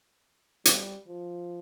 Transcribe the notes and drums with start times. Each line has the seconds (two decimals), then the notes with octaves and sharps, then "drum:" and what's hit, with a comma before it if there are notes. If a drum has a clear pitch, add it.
0.65 G3, drum: hi-hat
1.07 F3